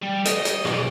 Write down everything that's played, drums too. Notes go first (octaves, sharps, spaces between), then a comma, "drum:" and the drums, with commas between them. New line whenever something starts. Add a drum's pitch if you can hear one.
G3
D#5, drum: hi-hat
drum: hi-hat
B1 D5, drum: rim click